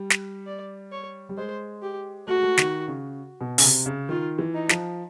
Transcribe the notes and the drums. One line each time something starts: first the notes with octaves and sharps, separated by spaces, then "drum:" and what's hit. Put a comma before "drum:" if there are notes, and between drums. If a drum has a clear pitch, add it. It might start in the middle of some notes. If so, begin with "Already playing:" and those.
Already playing: G3
drum: snare
D5
C#5
G3
G#3 C5
G4
A3 F#4
G#3
A3
D#3, drum: snare
C#3
B2
C#3, drum: open hi-hat
C3
C#3
D#3 F4
E3
D#4
F3, drum: snare